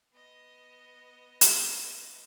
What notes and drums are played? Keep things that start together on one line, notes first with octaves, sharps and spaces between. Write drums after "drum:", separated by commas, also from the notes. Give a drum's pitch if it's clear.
B3 D#5
drum: hi-hat